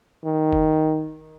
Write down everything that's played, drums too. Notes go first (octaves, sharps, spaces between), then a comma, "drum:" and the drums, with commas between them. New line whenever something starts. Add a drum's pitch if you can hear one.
D#3
drum: kick F#1